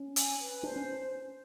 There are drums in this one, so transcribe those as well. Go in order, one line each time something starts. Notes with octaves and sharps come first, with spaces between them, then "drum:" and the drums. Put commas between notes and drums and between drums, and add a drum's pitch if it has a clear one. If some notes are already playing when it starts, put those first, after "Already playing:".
Already playing: C#4
G#5, drum: hi-hat
B4
D4 C5
C#4